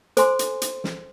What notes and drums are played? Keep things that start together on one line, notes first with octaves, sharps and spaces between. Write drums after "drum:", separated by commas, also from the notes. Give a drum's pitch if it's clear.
A4 C5 G#5 C6, drum: hi-hat
drum: hi-hat
drum: hi-hat
drum: snare